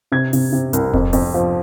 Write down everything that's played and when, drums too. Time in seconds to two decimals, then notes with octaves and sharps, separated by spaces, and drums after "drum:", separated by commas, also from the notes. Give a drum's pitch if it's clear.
0.12 C3 G#6
0.33 C3, drum: open hi-hat
0.52 C3
0.73 C2, drum: hi-hat
0.94 F2, drum: kick E1
1.13 F2, drum: open hi-hat
1.34 F3